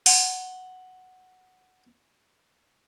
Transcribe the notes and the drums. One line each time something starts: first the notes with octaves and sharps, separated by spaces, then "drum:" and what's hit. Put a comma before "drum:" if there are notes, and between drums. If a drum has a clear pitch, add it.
F#5 C6, drum: open hi-hat